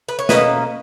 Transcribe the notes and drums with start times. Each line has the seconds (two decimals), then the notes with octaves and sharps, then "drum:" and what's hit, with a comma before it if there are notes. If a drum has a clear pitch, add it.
0.08 B4
0.19 C#5
0.29 B2 A#3 C#4 B4 D#5, drum: snare